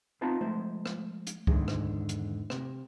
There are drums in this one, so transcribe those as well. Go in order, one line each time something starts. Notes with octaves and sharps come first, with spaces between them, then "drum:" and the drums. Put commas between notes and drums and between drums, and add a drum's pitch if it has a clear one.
B3 C4 D#4 F4 A5 A#5
F3 G#3 A3 C5
drum: rim click
drum: hi-hat
E2 G#2 D3 D#3 G#4, drum: kick C#2
drum: rim click
drum: hi-hat
C3, drum: rim click